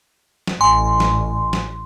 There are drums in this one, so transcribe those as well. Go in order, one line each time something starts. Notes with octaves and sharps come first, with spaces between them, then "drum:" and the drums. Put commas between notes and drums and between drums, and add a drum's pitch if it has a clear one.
drum: snare
A1 G#5 C6
drum: snare
drum: snare